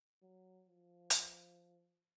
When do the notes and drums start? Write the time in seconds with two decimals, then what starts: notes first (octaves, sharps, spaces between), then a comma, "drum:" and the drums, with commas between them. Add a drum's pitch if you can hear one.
0.22 F#3
0.69 F3
1.10 drum: hi-hat